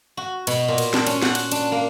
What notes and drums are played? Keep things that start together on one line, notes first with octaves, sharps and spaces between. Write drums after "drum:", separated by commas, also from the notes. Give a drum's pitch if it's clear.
F#4
B2, drum: cymbal
A#2
drum: cymbal
D4, drum: snare
C#4, drum: cymbal
F#5, drum: snare
drum: cymbal
D4, drum: cymbal
A#3